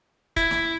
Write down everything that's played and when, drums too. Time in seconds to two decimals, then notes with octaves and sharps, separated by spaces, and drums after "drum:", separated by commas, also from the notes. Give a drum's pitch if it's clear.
0.36 E4, drum: kick, hi-hat
0.51 drum: snare